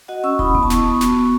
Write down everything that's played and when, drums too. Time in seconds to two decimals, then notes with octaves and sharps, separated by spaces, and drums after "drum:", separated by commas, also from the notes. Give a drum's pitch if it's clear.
0.08 F#4 D#5 F#5
0.24 C#4 C#6 E6
0.39 E4 B5 D#6, drum: kick
0.55 B3, drum: kick
0.63 A5 C#6
0.70 B3, drum: snare
0.86 B3
1.01 F#4, drum: snare
1.17 B3